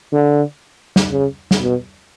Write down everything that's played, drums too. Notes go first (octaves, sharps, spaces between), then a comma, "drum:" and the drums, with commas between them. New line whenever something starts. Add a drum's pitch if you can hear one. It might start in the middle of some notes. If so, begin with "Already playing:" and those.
D3
drum: snare
C#3
drum: snare
B2